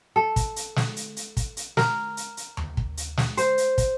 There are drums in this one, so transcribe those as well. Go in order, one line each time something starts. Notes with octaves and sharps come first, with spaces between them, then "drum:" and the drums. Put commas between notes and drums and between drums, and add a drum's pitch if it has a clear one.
A4
drum: kick, hi-hat
drum: hi-hat
drum: snare
drum: hi-hat
drum: hi-hat
drum: kick, hi-hat
drum: hi-hat
A#4, drum: snare
drum: hi-hat
drum: hi-hat
drum: tom D#2
drum: kick
drum: hi-hat
drum: snare
C5, drum: hi-hat
drum: hi-hat
drum: kick, hi-hat